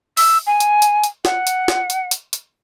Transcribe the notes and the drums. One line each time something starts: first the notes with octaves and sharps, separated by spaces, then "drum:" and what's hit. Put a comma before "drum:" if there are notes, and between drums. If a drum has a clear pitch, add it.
E6, drum: open hi-hat
G#5
drum: hi-hat
drum: hi-hat
drum: hi-hat
F#5, drum: snare
drum: hi-hat
drum: snare
drum: hi-hat
drum: hi-hat
drum: hi-hat